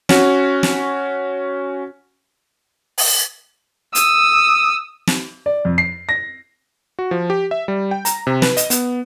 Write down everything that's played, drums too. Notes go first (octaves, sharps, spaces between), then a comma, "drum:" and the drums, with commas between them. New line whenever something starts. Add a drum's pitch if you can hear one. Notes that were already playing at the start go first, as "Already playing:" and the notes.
C#4 F#4, drum: snare
drum: snare
drum: open hi-hat
D#6 E6, drum: hi-hat
drum: snare
D5
F2
C7
A#6
F#4
F3
G4
E5
G3
G5
A#5, drum: hi-hat
C3
B4, drum: snare
D#5, drum: hi-hat
B3, drum: hi-hat